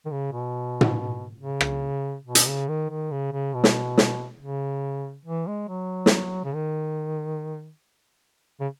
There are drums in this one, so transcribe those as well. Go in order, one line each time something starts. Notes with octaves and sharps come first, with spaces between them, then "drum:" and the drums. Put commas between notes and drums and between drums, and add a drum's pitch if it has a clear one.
D#3
C#3
B2
drum: tom
C#3
drum: rim click
B2
drum: hi-hat
C#3
D#3
D#3
C#3
C#3
B2
drum: snare
drum: snare
C#3
E3
G#3
F#3
drum: snare
C#3
D#3
C#3